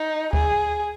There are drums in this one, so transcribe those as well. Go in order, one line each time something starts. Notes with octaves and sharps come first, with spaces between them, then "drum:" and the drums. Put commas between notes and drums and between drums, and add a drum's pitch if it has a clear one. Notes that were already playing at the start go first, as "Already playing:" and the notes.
Already playing: D#4
G#4, drum: kick D2